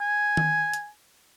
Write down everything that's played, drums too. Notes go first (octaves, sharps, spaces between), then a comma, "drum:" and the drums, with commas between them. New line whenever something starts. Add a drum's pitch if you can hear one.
G#5
drum: tom D#3
drum: hi-hat